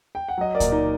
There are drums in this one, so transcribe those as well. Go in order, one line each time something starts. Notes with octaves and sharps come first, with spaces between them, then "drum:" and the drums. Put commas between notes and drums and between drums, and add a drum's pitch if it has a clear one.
G5
F#5
F#3 D#5
A#4 D5
A#2, drum: kick C#2, hi-hat
D#4